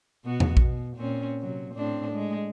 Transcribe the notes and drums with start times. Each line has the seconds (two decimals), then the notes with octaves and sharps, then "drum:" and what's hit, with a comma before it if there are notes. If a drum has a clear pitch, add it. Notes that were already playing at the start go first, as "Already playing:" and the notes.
0.25 B2 B3 F#4
0.40 drum: tom E2
0.57 B2, drum: kick A#1
0.97 A#2 C4 C#4
1.41 C3 F#3
1.74 A2 C4 D4
2.12 G#3